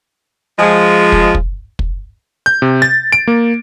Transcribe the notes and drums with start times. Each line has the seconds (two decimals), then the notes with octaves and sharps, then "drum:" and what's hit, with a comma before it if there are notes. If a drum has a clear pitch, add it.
0.59 F3 G#3
1.12 drum: kick
1.35 drum: kick
1.79 drum: kick
2.46 G6
2.62 C3
2.82 A6
3.12 D7
3.28 A#3